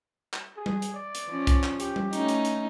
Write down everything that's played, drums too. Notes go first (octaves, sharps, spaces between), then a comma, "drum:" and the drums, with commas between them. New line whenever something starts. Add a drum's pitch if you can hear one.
drum: clap
G#4
drum: tom G3
drum: hi-hat
D5
drum: hi-hat
F3 C#4
drum: kick, hi-hat
drum: clap
G4, drum: hi-hat
drum: tom G3
A3 C#4 D#4, drum: hi-hat
drum: hi-hat
drum: hi-hat